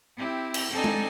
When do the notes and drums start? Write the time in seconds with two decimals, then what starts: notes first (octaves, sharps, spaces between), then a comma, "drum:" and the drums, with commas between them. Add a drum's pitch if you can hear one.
0.16 C4 E4 G4
0.54 drum: cymbal
0.70 C4 D4 D#4 A4 G#5 A5
0.84 drum: tom G#3